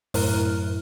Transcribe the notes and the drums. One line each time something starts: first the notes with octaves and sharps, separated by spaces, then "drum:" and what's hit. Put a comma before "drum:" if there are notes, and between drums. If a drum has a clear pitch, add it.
F#2 A2 E4 A#4 F6 F#6, drum: open hi-hat